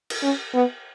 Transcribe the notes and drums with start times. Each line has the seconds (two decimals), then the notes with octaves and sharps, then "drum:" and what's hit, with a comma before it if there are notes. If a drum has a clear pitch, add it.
0.10 drum: cymbal
0.23 C#4
0.54 B3